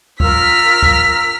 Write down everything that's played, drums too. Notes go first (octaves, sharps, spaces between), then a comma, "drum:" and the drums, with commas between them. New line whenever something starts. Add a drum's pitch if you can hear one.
F4 A#4 E6 F6 B6, drum: kick
drum: kick